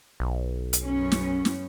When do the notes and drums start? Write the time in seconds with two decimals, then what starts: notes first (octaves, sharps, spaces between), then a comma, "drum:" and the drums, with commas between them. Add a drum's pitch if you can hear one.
0.20 B1
0.73 drum: hi-hat
0.84 F#2 B3 C#4
1.12 drum: snare
1.45 drum: snare